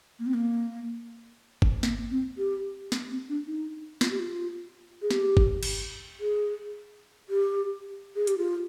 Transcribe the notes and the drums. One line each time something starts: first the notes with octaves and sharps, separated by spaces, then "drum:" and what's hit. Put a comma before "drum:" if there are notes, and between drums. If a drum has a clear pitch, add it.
A#3
C4
A#3
drum: kick G1
A#3, drum: snare
C4
G4
A#3, drum: snare
C4
D4
D#4
F4, drum: snare
G4
F4
G#4
G4, drum: snare
drum: kick G1
drum: cymbal
G#4
G4
G#4
G4, drum: hi-hat
F4